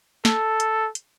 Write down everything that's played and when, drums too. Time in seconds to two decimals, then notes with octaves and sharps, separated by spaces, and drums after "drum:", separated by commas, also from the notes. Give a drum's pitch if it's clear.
0.25 A4, drum: snare
0.60 drum: hi-hat
0.95 drum: hi-hat